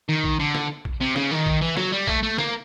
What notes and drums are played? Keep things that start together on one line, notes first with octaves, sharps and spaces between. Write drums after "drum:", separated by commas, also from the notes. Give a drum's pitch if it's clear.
D#3
drum: kick A#1
D3
drum: snare
drum: kick A#1
C3
C#3, drum: snare
D#3
drum: kick A#1
E3
F#3, drum: snare
G3
A3, drum: kick A#1
A3
A#3, drum: snare